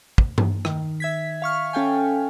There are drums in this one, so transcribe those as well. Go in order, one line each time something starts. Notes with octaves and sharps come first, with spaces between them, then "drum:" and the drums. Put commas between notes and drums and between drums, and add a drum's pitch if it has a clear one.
drum: kick
drum: tom G2
D#3, drum: rim click
E5 G#6 B6
F5 C#6 F6
C#4 A4 F5 G5 G#5